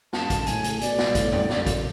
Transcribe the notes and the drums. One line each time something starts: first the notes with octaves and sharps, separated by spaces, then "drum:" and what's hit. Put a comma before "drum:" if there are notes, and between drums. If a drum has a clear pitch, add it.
F#2 A5, drum: snare
drum: kick, hi-hat
A2 G#5, drum: hi-hat
drum: hi-hat
B2 D5, drum: hi-hat
drum: snare
A2, drum: kick, hi-hat
drum: tom F2
F#2, drum: snare
drum: kick, hi-hat